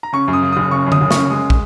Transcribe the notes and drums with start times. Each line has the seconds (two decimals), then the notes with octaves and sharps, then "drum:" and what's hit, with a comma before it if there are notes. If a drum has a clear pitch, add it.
0.03 A#5
0.13 C#3 C#6
0.28 F#2
0.33 D#6
0.42 C#3
0.52 F#1 D#6
0.71 C#3 C#6
0.86 F#2
0.92 D#6, drum: tom D3
1.01 F#1
1.11 C#3 C#6, drum: snare
1.31 G#3 D#6
1.50 drum: kick